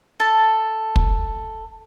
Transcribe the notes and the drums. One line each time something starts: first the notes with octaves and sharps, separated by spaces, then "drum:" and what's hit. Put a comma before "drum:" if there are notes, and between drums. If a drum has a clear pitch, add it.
A4 A5
drum: kick